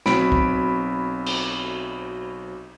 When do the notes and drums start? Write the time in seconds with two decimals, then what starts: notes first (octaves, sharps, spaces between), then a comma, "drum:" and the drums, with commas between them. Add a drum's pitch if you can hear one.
0.06 B1 F#3 C4 B5 D7, drum: snare
0.32 drum: kick
1.26 drum: cymbal